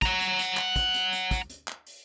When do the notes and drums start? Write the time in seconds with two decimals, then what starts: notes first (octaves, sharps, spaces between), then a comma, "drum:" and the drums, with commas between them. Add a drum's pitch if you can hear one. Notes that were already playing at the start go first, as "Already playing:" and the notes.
0.02 F#5 A#5, drum: kick, hi-hat
0.20 drum: hi-hat
0.39 drum: hi-hat
0.57 drum: clap
0.76 drum: kick, hi-hat
0.94 drum: hi-hat
1.13 drum: hi-hat
1.31 drum: kick, hi-hat
1.50 drum: hi-hat
1.68 drum: clap
1.87 drum: open hi-hat